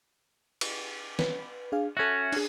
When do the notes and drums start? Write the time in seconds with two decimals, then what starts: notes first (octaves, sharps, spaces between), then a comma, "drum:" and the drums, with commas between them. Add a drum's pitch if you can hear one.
0.61 drum: cymbal
1.19 B4, drum: snare
1.72 D4 G#4 F5
1.97 C#4 F#4 A4 E5
2.32 D4 G#4, drum: cymbal